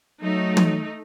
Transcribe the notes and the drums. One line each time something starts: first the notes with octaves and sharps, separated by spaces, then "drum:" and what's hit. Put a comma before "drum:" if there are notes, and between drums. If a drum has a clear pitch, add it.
F#3 A3 D#4
drum: tom